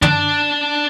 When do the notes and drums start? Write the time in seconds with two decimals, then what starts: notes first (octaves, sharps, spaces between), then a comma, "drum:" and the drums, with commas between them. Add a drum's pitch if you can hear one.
0.02 D4, drum: tom